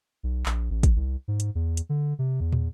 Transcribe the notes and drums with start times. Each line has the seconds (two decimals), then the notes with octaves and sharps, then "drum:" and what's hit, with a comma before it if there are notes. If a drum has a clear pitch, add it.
0.23 B1
0.46 A#1, drum: clap
0.71 A1
0.83 drum: kick, hi-hat
0.96 C2
1.28 G#2
1.40 drum: hi-hat
1.55 E2
1.77 drum: hi-hat
1.89 D3
2.19 C3
2.40 E2
2.52 drum: tom